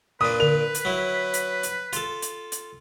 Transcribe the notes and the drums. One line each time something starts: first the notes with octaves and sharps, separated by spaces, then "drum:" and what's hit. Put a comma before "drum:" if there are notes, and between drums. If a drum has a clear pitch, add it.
A#2 D4 B4 D#6
D3 A#4 F7
drum: hi-hat
F#3 E4
drum: hi-hat
drum: hi-hat
F4 A4, drum: hi-hat
drum: hi-hat
drum: hi-hat